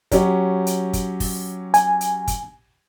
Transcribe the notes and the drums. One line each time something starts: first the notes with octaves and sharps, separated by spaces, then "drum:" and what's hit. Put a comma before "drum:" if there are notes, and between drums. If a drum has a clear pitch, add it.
F#3 C#4 G4, drum: kick, hi-hat
drum: hi-hat
drum: kick, hi-hat
drum: kick, open hi-hat
G#5, drum: hi-hat
drum: hi-hat
drum: kick, hi-hat